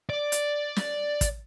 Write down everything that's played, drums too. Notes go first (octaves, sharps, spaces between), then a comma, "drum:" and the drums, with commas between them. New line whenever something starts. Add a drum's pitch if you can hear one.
D5
drum: hi-hat
drum: snare
drum: kick, hi-hat